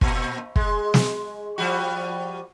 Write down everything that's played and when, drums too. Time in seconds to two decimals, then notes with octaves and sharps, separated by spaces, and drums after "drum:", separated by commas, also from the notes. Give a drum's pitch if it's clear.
0.01 A#2, drum: kick
0.56 G#3, drum: kick
0.94 drum: snare
1.58 F3 G3 F#4